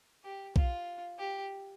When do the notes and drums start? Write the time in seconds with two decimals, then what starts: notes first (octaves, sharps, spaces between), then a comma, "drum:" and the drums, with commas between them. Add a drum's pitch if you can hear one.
0.24 G4
0.56 F4, drum: kick B1
1.19 G4